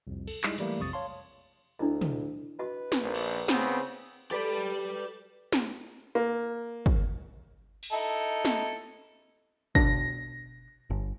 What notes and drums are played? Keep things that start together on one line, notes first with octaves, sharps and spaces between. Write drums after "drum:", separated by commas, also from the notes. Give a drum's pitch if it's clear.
C2 F2
A4, drum: cymbal
G3 G#3 D#4 E4, drum: clap
E3 F#3 G3 A3 A#3, drum: hi-hat
A#1 F2 C3 C#6 D#6 A6
C#5 F5 A5 C6
D2 D4 E4 D#5
drum: tom
F#4 B4 D#5
drum: snare
A#1
drum: cymbal
C#3 B3 C4, drum: snare
G4 A4 B4 D5 B5
drum: snare
A#3
drum: kick
drum: cymbal
D#4 E4 A4
drum: snare
B2 D4 A#6, drum: kick
G1